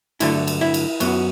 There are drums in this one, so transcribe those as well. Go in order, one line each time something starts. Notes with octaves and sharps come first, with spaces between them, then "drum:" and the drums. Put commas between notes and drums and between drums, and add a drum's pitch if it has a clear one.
G2 D3 F#3 A3 E4, drum: cymbal
drum: cymbal
E4
drum: cymbal
F#2 F#3 B3, drum: cymbal